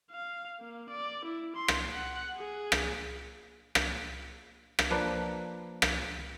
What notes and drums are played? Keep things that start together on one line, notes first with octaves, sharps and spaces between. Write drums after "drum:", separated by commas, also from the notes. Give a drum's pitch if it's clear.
F5
A#3
D5
E4
C6
drum: rim click
F#5
G#4
drum: rim click
drum: rim click
drum: rim click
F3 A#3 D4 B4
drum: rim click